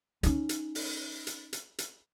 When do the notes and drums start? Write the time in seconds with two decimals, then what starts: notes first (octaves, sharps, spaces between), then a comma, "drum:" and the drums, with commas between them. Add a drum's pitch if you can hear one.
0.23 C#4 D#4, drum: hi-hat
0.49 drum: hi-hat
0.75 drum: open hi-hat
1.27 drum: hi-hat
1.53 drum: hi-hat
1.78 drum: hi-hat